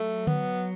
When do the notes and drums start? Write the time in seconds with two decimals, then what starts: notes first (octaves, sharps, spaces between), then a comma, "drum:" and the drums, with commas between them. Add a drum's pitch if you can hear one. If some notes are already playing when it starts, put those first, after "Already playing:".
Already playing: F#3 A3
0.27 B3, drum: tom D3